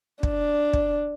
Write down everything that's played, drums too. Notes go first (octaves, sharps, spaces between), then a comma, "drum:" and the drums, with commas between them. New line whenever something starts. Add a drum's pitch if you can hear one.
D4, drum: kick
drum: kick